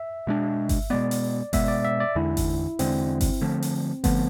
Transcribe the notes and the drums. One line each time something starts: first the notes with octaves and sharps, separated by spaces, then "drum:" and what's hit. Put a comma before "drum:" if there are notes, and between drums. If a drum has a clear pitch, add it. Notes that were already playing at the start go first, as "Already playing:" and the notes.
Already playing: E5
B2 G#3 D4
drum: kick G1, open hi-hat
B2 G#3 B3 D5
drum: open hi-hat
B2 G#3 B3 E5, drum: kick G1, open hi-hat
D5
E5
D5
E2 D3 G#3 E4
drum: kick G1, open hi-hat
E2 D3 G#3 C4, drum: open hi-hat
drum: kick G1, open hi-hat
D3 F3 A3
drum: open hi-hat
D3 F3 A3 B3, drum: kick G1, open hi-hat